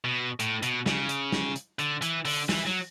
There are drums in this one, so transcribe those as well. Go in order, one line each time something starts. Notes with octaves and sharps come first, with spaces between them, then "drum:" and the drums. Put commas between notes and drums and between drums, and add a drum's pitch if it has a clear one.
B2
A2, drum: hi-hat
B2, drum: hi-hat
C#3, drum: snare
drum: hi-hat
drum: snare
drum: hi-hat
D3, drum: hi-hat
E3, drum: hi-hat
D3, drum: open hi-hat
E3, drum: snare
F#3